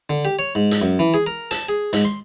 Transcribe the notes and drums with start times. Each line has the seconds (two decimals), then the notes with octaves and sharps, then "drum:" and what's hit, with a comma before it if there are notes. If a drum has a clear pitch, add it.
0.10 D3
0.25 G4
0.39 C#5
0.55 G#2
0.71 drum: hi-hat
0.82 F#2
0.99 E3
1.14 G#4
1.27 A#4
1.51 A5, drum: hi-hat
1.69 G#4
1.93 G#2, drum: hi-hat
2.05 C6